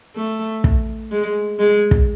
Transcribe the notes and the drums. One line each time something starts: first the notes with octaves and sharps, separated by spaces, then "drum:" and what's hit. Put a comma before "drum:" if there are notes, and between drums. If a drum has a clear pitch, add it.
A3
drum: kick
G#3
G#3
drum: kick